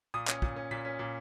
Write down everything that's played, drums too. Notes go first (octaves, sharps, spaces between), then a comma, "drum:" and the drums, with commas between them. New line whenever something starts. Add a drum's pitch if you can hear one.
A#2 D#6
C#4, drum: clap
A#2, drum: kick
C#4
A#2 B6
C#4
A#2